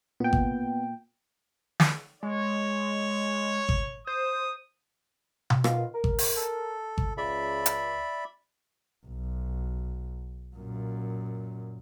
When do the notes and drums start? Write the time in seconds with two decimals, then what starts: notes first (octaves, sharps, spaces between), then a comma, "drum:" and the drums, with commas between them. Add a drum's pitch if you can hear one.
0.20 A#2 B3 G5
0.33 drum: kick G#1
1.80 drum: snare
2.23 G#3 C#5
3.69 drum: kick G#1
4.07 C5 D#6
5.50 drum: tom B2
5.64 D#3 B3 F4, drum: rim click
5.95 A#4
6.04 drum: kick G#1
6.19 drum: open hi-hat
6.36 A4
6.98 drum: kick G#1
7.17 C#2 D5 E5 B5
7.66 drum: hi-hat
9.06 B1
10.56 F#2 A#2